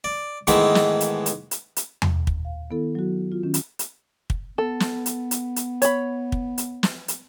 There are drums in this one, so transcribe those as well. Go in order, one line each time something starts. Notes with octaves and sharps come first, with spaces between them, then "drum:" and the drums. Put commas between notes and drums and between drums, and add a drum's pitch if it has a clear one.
D5
G#2 D#3 E3 G#3 A3 B3, drum: hi-hat
drum: snare
drum: hi-hat
drum: hi-hat
drum: hi-hat
drum: hi-hat
drum: tom E2
drum: kick
F5
D#3 B3 E4 A4
F#3 F#4
F4
D#3 C#4
drum: hi-hat
drum: hi-hat
drum: kick
B3 A4
drum: snare
drum: hi-hat
drum: hi-hat
drum: hi-hat
C#5 B5, drum: hi-hat
drum: kick
drum: hi-hat
drum: snare
drum: hi-hat